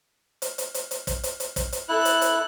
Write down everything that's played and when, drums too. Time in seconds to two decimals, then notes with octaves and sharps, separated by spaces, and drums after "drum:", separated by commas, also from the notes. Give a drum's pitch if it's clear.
0.42 drum: hi-hat
0.58 drum: hi-hat
0.74 drum: hi-hat
0.91 drum: hi-hat
1.07 drum: kick, hi-hat
1.23 drum: hi-hat
1.40 drum: hi-hat
1.56 drum: kick, hi-hat
1.72 drum: hi-hat
1.89 E4 A4 F#6
2.05 drum: hi-hat
2.21 drum: hi-hat